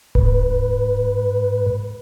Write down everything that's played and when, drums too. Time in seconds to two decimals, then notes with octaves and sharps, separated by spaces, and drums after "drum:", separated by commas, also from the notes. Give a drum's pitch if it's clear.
0.15 G#2 B4, drum: kick D1